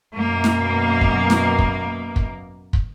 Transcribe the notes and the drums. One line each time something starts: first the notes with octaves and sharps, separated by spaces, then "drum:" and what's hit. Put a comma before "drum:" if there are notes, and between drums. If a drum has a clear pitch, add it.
F#2 B2 A#3
drum: snare
drum: kick
drum: snare
drum: kick
drum: kick
drum: kick